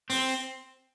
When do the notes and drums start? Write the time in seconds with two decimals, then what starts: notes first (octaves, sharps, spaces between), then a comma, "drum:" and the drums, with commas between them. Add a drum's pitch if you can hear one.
0.10 C4, drum: open hi-hat